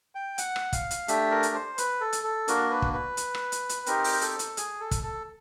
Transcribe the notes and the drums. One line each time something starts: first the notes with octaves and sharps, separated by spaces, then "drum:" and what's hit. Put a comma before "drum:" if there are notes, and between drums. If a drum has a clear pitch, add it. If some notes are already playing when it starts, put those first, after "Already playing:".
G5
F#5, drum: hi-hat
drum: rim click
F5, drum: kick, hi-hat
drum: hi-hat
A3 D4 G4 E5, drum: hi-hat
A#4
drum: hi-hat
C5
B4, drum: hi-hat
A4
drum: hi-hat
A4
A#3 D4 F#4 A#4, drum: hi-hat
B4
drum: kick
B4
drum: hi-hat
drum: rim click
drum: hi-hat
drum: hi-hat
C4 D#4 G4 A#4, drum: hi-hat
drum: open hi-hat
A4, drum: hi-hat
drum: hi-hat
G#4, drum: hi-hat
A4
drum: kick, hi-hat
A4